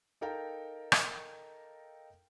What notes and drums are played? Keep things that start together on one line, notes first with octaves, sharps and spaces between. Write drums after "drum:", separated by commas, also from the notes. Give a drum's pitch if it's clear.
D#4 A4 A#4 F5 G5 A#5
drum: rim click